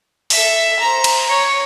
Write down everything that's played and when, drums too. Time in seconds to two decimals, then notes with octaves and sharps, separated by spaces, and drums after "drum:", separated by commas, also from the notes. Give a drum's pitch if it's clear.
0.30 A4 E5, drum: open hi-hat
0.79 C5 A#5
1.04 drum: cymbal
1.28 C#5